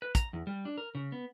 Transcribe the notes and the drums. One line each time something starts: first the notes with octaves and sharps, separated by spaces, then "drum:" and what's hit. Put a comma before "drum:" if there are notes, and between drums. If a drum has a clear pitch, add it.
B4
A#5, drum: kick, hi-hat
E2
G3
D4
A#4
C#3
B3